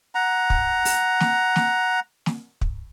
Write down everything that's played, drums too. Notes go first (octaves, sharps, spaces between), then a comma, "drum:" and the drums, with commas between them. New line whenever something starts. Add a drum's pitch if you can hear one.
F#5 A#5
drum: kick
drum: open hi-hat
drum: snare
drum: snare
drum: snare
drum: kick